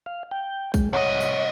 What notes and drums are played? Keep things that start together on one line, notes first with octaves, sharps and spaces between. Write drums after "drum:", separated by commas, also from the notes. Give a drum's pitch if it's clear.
F5
G5
G#3, drum: kick A#1, tambourine
C2 C#5 D#5 F#5
drum: tambourine